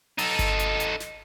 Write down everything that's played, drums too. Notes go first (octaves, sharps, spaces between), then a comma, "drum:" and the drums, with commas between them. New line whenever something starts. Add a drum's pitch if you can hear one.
D#4 A4, drum: open hi-hat
drum: kick G1, hi-hat
drum: hi-hat
drum: hi-hat
drum: snare